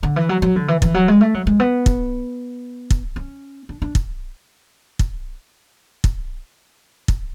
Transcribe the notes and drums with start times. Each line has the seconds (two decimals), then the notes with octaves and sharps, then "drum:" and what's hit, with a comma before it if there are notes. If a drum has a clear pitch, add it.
0.03 D3
0.16 E3
0.29 F#3
0.42 F#3
0.56 D3
0.68 E3
0.82 E3, drum: kick
0.94 F#3
1.08 G#3
1.21 A3
1.34 F#3
1.47 G#3
1.60 B3
1.86 drum: kick
2.90 drum: kick
3.16 C#4
3.69 D4
3.82 D4
3.95 drum: kick
4.99 drum: kick
6.04 drum: kick
7.08 drum: kick